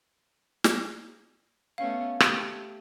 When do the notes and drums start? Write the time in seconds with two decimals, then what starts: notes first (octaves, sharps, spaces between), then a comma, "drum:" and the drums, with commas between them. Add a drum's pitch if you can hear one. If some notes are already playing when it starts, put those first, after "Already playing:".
0.64 drum: snare
1.78 A3 B3 C#4 F5
2.20 A3 G4, drum: rim click